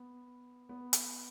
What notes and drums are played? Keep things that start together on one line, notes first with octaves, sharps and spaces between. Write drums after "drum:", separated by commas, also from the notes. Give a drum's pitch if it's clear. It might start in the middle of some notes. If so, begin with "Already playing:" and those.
Already playing: B3
B3
drum: hi-hat